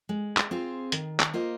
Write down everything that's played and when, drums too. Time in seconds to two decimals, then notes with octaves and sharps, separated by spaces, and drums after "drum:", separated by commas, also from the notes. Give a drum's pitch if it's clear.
0.09 G#3
0.37 drum: clap
0.51 C4 F4 G#4 C5
0.92 D#3, drum: hi-hat
1.20 drum: clap
1.34 A#3 F4 C5 D#5